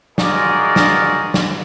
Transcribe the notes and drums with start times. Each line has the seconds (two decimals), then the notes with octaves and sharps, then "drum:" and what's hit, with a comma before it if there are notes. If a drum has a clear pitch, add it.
0.18 F4 F#4 G#4 A#4 D5 D#5, drum: snare
0.76 drum: snare
1.34 drum: snare